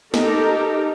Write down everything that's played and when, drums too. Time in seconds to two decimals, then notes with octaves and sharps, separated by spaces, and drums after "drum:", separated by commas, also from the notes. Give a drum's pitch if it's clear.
0.14 D#4 G4 A4 A#4, drum: snare